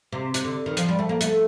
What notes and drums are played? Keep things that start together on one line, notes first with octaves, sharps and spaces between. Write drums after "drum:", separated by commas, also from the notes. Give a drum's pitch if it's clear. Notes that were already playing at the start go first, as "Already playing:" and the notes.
C3
C3, drum: hi-hat
D3
D#3
F3, drum: hi-hat
G3
A3
A#3
A3, drum: hi-hat